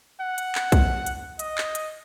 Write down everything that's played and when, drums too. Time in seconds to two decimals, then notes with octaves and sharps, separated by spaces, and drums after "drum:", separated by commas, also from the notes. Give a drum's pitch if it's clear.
0.21 F#5
0.38 drum: hi-hat
0.55 drum: clap
0.72 drum: kick B1, hi-hat
1.06 drum: hi-hat
1.39 D#5, drum: hi-hat
1.58 drum: clap
1.75 drum: hi-hat